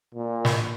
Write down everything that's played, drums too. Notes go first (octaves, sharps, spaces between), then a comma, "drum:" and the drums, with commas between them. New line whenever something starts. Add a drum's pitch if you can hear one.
A#2
drum: snare